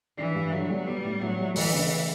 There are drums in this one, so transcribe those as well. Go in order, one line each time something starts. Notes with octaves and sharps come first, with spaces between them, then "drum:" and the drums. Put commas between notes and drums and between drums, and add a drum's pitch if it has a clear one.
E3 D4
G2
D3 F#3
G3
G3 B3
A2
A2 F#3
G3
D2 E3, drum: open hi-hat
C#3